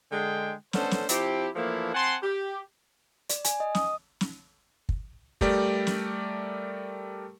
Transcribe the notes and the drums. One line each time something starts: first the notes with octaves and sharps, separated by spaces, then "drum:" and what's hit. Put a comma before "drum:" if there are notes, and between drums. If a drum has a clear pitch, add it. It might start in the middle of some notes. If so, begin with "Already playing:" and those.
D3 G#3 G5
A3 B3 C#4 D4 A4 C5, drum: snare
drum: snare
F3 C4 E4 G4, drum: hi-hat
E3 F3 A3 A#3 D4 E4
C4 F#5 G#5 A5 C6
G4
D5, drum: hi-hat
G#5, drum: hi-hat
D#5
D#6, drum: snare
drum: snare
drum: kick
G3 A3 G4 A#4 D5, drum: kick
drum: snare